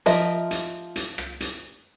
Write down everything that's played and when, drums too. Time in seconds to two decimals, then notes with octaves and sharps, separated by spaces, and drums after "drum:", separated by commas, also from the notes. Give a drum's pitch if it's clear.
0.06 F3 A#4 D#5 E5, drum: hi-hat
0.51 drum: hi-hat
0.96 drum: hi-hat
1.18 drum: rim click
1.40 drum: hi-hat